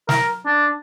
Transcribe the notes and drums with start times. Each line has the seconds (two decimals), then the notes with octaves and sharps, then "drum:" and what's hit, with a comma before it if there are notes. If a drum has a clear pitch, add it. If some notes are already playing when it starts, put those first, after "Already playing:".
0.09 A#4, drum: snare
0.45 D4